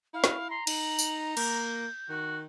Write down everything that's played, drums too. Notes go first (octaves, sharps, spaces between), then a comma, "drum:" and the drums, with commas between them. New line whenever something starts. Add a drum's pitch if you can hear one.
E4 F5
drum: snare
A#5 C6
D#4 F#7, drum: cymbal
drum: tambourine
A#3 G6, drum: cymbal
D#3 F#4